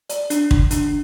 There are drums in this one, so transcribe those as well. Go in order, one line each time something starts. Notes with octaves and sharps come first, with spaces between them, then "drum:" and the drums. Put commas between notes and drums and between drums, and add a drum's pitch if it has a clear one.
D5, drum: hi-hat
D4, drum: hi-hat
D3, drum: kick
D4, drum: hi-hat